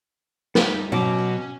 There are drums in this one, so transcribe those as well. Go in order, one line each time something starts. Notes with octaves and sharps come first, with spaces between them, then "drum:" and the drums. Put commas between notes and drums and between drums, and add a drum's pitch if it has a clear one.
G3 D#4 G4, drum: snare
B2 F#3 C#4 F#4 G5 D6
C#4